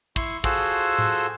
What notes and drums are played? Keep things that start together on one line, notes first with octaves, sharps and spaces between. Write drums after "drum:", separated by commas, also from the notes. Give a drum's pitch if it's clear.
E4 C6 C#6, drum: kick
F4 F#4 G#4 A4 C5, drum: kick
drum: tom A2